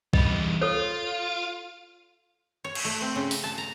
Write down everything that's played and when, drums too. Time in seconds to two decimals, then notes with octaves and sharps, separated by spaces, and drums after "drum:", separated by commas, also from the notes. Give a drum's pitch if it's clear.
0.13 E2 G3 D#5 B5, drum: kick
0.61 F4 A4 C#5
2.64 C#5
2.75 drum: cymbal
2.85 A3
3.01 C4
3.16 C#3
3.31 drum: open hi-hat
3.44 A5
3.58 A#5